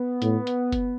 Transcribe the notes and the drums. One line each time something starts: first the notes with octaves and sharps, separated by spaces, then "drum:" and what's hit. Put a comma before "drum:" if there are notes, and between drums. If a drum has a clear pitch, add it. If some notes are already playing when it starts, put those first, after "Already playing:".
Already playing: B3
A2, drum: hi-hat
drum: hi-hat
drum: kick F#1, hi-hat